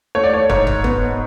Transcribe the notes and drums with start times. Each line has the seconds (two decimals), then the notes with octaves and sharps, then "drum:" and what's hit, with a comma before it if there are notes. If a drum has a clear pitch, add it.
0.15 A3 C#5
0.24 D5
0.34 C#5
0.50 G#2 C#5, drum: kick
0.67 drum: kick
0.84 B3, drum: kick